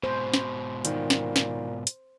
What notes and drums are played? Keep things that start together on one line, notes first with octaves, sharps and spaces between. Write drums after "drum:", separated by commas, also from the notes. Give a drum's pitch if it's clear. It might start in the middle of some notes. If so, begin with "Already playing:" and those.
G#2 B2 C5
drum: snare
A#2 D#3, drum: hi-hat
drum: snare
drum: snare
drum: hi-hat